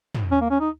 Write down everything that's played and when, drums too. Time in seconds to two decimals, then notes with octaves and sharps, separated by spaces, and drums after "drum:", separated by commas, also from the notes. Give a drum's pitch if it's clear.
0.15 drum: tom
0.31 C#4
0.41 A#3
0.50 C#4
0.61 D#4